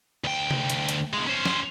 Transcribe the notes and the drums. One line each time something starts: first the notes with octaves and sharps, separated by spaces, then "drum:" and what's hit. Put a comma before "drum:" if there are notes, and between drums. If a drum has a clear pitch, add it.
D2 G5
drum: tom C3
drum: hi-hat
drum: hi-hat
B2 G#3
C#4 C5
drum: snare